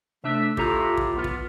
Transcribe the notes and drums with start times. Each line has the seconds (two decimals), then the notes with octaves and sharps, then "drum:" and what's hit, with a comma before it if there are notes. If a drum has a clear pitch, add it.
0.24 C3 A3 D4 E5
0.57 A2 F4 G4 A#5, drum: kick
0.97 drum: kick
1.15 B1 B3 F4
1.24 drum: kick